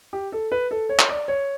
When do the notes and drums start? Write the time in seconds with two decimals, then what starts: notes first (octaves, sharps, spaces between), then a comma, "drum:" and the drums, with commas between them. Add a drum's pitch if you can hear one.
0.13 G4
0.32 A4
0.52 B4
0.71 A4
0.89 C#5
0.99 drum: clap
1.09 D5
1.28 C#5